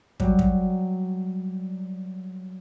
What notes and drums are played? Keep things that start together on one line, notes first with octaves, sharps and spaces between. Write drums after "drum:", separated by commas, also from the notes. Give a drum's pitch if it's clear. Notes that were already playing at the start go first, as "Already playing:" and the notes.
F#3 G3, drum: kick
drum: kick